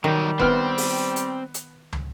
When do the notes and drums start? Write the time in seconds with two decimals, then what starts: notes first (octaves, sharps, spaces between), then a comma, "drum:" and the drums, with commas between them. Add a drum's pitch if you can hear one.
0.04 D#3 F#3 G3 D#4
0.39 B3 C4 C5 F6, drum: kick F1
0.78 drum: open hi-hat
1.16 drum: hi-hat
1.54 drum: hi-hat
1.93 drum: tom